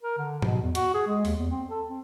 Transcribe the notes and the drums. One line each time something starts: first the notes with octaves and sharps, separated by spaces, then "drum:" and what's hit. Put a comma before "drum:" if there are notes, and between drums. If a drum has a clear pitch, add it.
A#4
D3
B2, drum: tom G#2
E2
F#4, drum: hi-hat
G#4
G#3
D#2, drum: open hi-hat
E2
C4
A4
C4